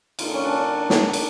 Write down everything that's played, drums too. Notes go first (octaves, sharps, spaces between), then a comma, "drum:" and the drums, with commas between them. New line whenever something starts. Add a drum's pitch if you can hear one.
D3 G3 A#3 F4, drum: cymbal
C#4
D4
drum: snare
drum: cymbal